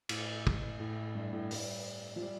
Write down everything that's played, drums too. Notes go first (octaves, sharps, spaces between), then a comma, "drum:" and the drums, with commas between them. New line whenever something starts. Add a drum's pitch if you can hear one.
A2, drum: cymbal
drum: kick
A2
G2
A2
G3, drum: open hi-hat
F3
G3